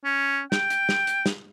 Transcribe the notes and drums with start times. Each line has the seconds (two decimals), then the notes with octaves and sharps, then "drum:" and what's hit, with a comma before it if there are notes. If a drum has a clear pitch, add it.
0.05 C#4
0.52 G5, drum: snare
0.70 drum: hi-hat
0.89 drum: snare
1.07 drum: hi-hat
1.26 drum: snare